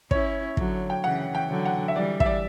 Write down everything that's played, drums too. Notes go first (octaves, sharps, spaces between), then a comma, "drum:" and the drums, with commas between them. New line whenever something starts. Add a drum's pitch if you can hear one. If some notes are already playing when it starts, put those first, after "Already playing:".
C#4 E4 C#5, drum: kick
D3 F#3, drum: kick
G5
C#3 E3 F#5
G5
D3 F#3
F#5
E5
E3 G3 D5
E5, drum: kick
D5